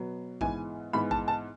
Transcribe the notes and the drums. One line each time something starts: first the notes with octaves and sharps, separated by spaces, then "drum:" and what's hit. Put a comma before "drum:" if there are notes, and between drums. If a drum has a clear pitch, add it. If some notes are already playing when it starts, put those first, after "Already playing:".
Already playing: B2 F#3 B3
G#2 E3 G#3 B3 G#5, drum: kick A#1
G#2 E3 G#3 B3 B5
A5, drum: kick A#1
A5